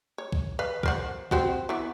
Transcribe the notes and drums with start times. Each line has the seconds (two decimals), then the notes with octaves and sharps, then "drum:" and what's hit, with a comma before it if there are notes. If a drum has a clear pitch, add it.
0.18 C#5
0.32 drum: kick C2
0.59 B4 F5
0.83 A#4 C5 F#5, drum: kick C2
1.31 C4 F#4 G4, drum: kick C2
1.69 E3 B3